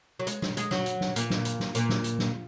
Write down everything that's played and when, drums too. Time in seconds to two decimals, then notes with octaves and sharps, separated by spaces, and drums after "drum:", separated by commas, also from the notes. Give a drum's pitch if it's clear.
0.19 F#3
0.27 G#3, drum: hi-hat
0.42 G#3, drum: snare
0.57 G#3, drum: hi-hat
0.71 F#3, drum: snare
0.86 drum: hi-hat
1.01 drum: snare
1.16 A#2, drum: hi-hat
1.30 drum: snare
1.45 drum: hi-hat
1.60 drum: snare
1.75 A#2, drum: hi-hat
1.89 drum: snare
2.04 drum: hi-hat
2.19 drum: snare